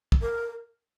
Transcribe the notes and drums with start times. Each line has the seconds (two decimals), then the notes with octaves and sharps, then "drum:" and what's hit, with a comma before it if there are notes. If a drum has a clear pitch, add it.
0.12 drum: kick
0.22 A#4